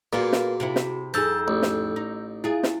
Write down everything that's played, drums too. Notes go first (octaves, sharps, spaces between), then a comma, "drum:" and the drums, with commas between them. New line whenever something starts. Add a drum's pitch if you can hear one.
A#2 A#3 B3 F#4 G#4
drum: snare
C3 C4 E4
drum: snare
F2 D#4 G#4 A5 E6 G6
A1
drum: snare
D#4
E4 F4 G#4
drum: snare